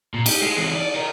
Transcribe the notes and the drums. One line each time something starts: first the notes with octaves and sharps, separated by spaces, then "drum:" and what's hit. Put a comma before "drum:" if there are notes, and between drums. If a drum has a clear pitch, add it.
A#2
G4, drum: cymbal
G#3
E3 C4
D5
A#4 D#5